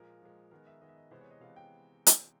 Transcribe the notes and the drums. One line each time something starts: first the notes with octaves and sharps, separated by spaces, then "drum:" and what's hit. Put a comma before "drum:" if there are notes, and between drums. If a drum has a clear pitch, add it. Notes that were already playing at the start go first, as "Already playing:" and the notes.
Already playing: A#2 F3 G#3 A#4
A#2 F3 G#3
D#3 G#3 B3 A#4
E5
D#3 G#3 B3 D#5
E5
D#5
C3 E3 G#3 B3 C5
C#5
D#5
C3 E3 G#3 B3 F5
G5
drum: hi-hat